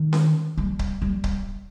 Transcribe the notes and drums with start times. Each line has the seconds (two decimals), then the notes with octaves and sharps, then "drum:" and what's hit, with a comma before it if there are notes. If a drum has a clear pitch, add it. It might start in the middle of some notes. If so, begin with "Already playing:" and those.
Already playing: D#3
0.13 drum: snare C#4
0.58 G3
0.79 drum: kick C#1
1.02 G3
1.24 drum: kick C#1